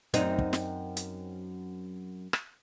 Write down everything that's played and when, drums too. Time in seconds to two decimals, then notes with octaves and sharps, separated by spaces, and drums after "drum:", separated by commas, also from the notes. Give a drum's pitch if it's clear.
0.14 F#2 C4 D#4, drum: hi-hat
0.38 drum: kick
0.53 drum: snare
0.97 drum: hi-hat
2.33 drum: rim click